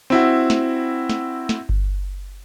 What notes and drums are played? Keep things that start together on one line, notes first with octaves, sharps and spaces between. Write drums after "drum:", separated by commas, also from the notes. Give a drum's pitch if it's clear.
C4 E4 F#4
drum: snare
drum: snare
drum: snare
drum: kick G1